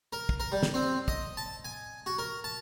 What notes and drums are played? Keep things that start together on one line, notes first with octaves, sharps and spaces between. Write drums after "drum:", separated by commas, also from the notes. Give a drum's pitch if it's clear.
A#4
drum: kick
A#4
G3
drum: snare
C4
D#5, drum: kick
A5
G#5
F#4
A#4
A5